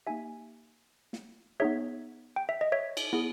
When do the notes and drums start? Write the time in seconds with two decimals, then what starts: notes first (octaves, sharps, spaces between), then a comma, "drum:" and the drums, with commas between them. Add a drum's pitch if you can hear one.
0.07 A#3 D#4 G4 E5 G#5
1.13 drum: snare
1.60 B3 D#4 G#4 C#5 E5
2.36 G5
2.49 E5
2.61 D#5
2.72 C#5 E5
2.97 drum: cymbal
3.13 B3 E4 G#4